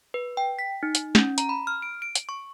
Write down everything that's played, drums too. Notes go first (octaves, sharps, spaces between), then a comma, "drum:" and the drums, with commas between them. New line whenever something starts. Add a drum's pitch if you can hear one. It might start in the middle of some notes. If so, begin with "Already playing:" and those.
B4
G5
B6
D#4
drum: hi-hat
C#4, drum: snare
A#5, drum: hi-hat
B5
F6
D7
D7
drum: hi-hat
C#6